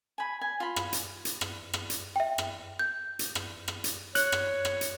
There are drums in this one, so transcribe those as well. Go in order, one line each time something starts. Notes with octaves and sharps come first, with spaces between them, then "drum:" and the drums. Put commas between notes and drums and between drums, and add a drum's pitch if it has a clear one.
G#5 B5
G#5
F4 B5
drum: rim click
drum: hi-hat
drum: hi-hat
drum: rim click
drum: rim click
drum: hi-hat
E5 G5
drum: rim click
G6
drum: hi-hat
drum: rim click
drum: rim click
drum: hi-hat
C#5 F#6, drum: hi-hat
drum: rim click
drum: rim click
drum: hi-hat